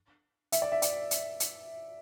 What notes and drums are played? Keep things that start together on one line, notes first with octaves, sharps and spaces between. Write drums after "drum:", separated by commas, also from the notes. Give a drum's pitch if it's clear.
E5, drum: hi-hat
D5
E5
D5, drum: hi-hat
drum: hi-hat
drum: hi-hat